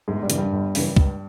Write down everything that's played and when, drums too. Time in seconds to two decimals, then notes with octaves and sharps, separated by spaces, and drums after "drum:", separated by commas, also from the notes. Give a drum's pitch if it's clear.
0.08 G1 G#2 G#3
0.23 G2 G3
0.30 F#2 C#3 E3, drum: hi-hat
0.38 G2 G3
0.53 G1
0.75 F#2 C#3 E3, drum: open hi-hat
0.97 C#2, drum: kick C#2